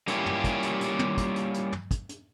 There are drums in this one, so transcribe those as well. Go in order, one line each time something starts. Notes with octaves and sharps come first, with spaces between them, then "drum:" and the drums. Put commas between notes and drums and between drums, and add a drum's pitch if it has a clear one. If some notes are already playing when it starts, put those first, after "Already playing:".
G3 A#3 C#4 E4 F4 G4, drum: hi-hat
drum: tom
drum: kick, hi-hat
drum: hi-hat
drum: hi-hat
drum: tom
drum: kick, hi-hat
drum: hi-hat
drum: hi-hat
drum: tom
drum: kick, hi-hat
drum: hi-hat